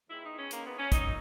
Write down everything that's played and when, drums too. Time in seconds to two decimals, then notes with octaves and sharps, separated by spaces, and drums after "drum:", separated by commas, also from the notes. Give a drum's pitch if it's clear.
0.10 E2 D#3 G#3 E4
0.24 D#4
0.38 C#4
0.51 A#3, drum: hi-hat
0.65 B3
0.78 C#4
0.92 A#2 F#3 D#4, drum: kick, hi-hat